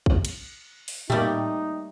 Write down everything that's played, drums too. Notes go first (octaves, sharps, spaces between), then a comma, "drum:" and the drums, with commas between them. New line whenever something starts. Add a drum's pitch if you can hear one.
drum: kick A#1
drum: cymbal
drum: open hi-hat
G3 A3 A#3 D#4 G4, drum: tom A2